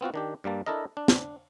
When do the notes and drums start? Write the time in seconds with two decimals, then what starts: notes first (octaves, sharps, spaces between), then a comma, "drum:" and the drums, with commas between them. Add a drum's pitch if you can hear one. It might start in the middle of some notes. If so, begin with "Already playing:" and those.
0.01 B3 C4 F4 F#4
0.14 D#3 D4 G4
0.44 G2 G3 A#3 A5
0.66 D4 E4 A4 A#4 D#5
0.97 D4
1.08 drum: snare